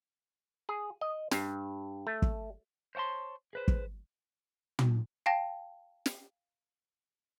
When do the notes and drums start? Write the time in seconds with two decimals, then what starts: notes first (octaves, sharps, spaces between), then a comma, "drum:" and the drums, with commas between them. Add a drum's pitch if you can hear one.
0.69 G#4
1.01 D#5
1.31 G2, drum: snare
2.07 A3
2.22 drum: kick
2.95 C5 C#5 F#5 A5 C6
3.53 G#4 B4 C5
3.68 drum: kick
4.79 drum: tom
5.26 F5 G5 A5 A#6
6.06 drum: snare